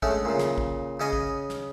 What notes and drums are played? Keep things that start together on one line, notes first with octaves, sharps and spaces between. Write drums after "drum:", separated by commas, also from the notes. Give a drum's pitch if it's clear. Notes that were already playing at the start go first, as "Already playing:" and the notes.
D3 G#3 A3 C#4, drum: kick
A#2 C#3
drum: snare
drum: kick
C#3 C#4 D#5 G#5
drum: kick
drum: snare